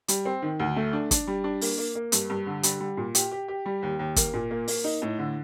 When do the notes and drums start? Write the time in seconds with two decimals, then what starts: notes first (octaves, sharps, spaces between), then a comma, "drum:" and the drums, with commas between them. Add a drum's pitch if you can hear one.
0.08 G3, drum: hi-hat
0.25 C4
0.42 D#3
0.59 D2
0.76 A3
0.93 D4
1.11 D4, drum: kick, hi-hat
1.27 G3
1.44 D4
1.61 A#3, drum: open hi-hat
1.78 A#3
1.95 A#3
2.12 G2, drum: hi-hat
2.30 G2
2.46 D3
2.63 G3, drum: hi-hat
2.80 G3
2.97 A#2
3.15 G4, drum: hi-hat
3.32 G4
3.48 G4
3.66 G3
3.83 D#2
3.99 D#2
4.16 A#3, drum: kick, hi-hat
4.34 A#2
4.51 A#3
4.68 A#3, drum: open hi-hat
4.84 D#4
5.02 A2
5.18 D3